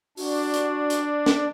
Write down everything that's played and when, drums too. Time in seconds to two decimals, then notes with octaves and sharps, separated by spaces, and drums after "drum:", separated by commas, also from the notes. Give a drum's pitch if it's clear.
0.17 D4 F#4, drum: open hi-hat
0.54 drum: hi-hat
0.90 drum: hi-hat
1.26 drum: snare